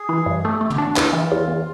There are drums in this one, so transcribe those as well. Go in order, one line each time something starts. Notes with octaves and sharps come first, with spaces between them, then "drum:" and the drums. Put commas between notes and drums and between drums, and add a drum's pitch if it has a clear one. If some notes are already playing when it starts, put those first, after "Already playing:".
Already playing: G#4
E3
G2
G#4
A3 G4
A3
F#4, drum: tom
D4
E2 F4, drum: clap
E3
E2
E2